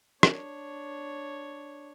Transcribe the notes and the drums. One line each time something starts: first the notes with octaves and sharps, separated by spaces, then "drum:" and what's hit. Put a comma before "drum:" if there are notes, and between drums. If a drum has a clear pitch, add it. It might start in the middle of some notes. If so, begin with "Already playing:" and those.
D4 C#5, drum: rim click